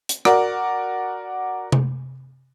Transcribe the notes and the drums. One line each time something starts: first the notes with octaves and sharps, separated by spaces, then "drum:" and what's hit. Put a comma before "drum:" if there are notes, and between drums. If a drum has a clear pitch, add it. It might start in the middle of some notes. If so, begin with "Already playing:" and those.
drum: hi-hat
F#4 A#4 D5, drum: rim click
drum: tom C3